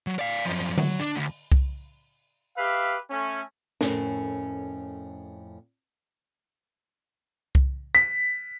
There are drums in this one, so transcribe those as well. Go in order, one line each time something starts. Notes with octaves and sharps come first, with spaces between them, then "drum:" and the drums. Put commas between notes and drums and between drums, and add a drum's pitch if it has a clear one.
F#3
D5 F5
F#2 F3, drum: open hi-hat
F#3, drum: tom D3
D4
D2
drum: kick C2
G4 B4 E5 F5
A3 C#4
F2 A2 G#3 C#4 A#4 G#5, drum: snare
drum: kick C2
B6